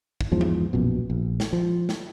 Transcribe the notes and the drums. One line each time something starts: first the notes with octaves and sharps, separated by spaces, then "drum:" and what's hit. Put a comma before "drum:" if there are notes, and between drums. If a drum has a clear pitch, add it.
drum: kick
E2 G#2 F3
drum: tom E3
A#1 F#2 B2
A#1
drum: snare
F3
drum: snare